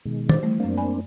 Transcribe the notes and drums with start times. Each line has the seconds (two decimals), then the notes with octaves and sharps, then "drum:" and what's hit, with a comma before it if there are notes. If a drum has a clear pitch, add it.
0.05 B2 D#3 G#3
0.29 C5 D6 A6, drum: tom
0.43 E3 G3 A3
0.60 F#2 F#3 A#3 C4 D4 F5
0.77 D5 G#5 B5